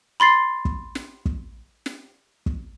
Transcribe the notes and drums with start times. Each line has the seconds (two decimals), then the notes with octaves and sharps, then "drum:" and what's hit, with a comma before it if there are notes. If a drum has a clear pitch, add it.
0.20 B5 C6 A6 C7
0.65 drum: kick
0.95 drum: snare
1.25 drum: kick
1.86 drum: snare
2.46 drum: kick